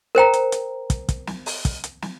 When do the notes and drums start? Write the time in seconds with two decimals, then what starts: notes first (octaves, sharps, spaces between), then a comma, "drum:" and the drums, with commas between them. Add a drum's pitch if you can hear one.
0.15 A#4 C5 G5 A#5
0.33 drum: hi-hat
0.52 drum: hi-hat
0.90 drum: kick, hi-hat
1.09 drum: kick, hi-hat
1.27 drum: snare
1.46 drum: open hi-hat
1.65 drum: kick, hi-hat
1.84 drum: hi-hat
2.02 drum: snare